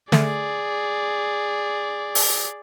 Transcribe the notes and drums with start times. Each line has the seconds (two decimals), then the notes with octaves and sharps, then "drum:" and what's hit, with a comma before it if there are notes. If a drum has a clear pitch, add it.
0.12 D3 A3 G#4 D5, drum: snare
2.15 drum: open hi-hat